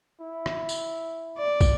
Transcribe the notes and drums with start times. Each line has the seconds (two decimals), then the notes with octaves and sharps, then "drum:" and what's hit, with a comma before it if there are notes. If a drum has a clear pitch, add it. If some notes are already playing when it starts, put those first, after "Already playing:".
0.20 E4
0.46 drum: rim click
0.69 drum: tambourine
1.38 D5
1.61 drum: kick, tambourine